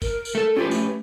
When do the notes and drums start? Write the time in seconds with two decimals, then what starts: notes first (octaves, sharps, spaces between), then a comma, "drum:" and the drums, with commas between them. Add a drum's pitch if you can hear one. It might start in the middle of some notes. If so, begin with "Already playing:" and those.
0.02 A#4, drum: kick, tambourine
0.25 drum: tambourine
0.35 A3 A4
0.56 C#4 F4 G4 B4
0.71 A3, drum: tambourine